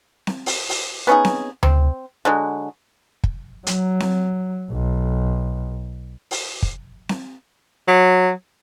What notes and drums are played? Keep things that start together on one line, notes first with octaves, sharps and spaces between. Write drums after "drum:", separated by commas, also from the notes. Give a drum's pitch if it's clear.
drum: snare C4
drum: open hi-hat
drum: open hi-hat
B3 C#4 D#4 G#4
drum: snare C4
C4, drum: tom D2
D3 F#3 G#3
drum: kick
F#3, drum: hi-hat
drum: snare C4
B1
drum: open hi-hat
drum: kick
drum: snare C4
F#3